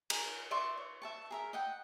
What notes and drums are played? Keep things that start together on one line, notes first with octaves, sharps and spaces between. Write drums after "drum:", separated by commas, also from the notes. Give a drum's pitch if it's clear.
D#4 A#4 G#5, drum: cymbal
D5 E5 C6 C#6
C#5
E5 A5 C#6
G#4 A#4 E5
D#5 F#5 G5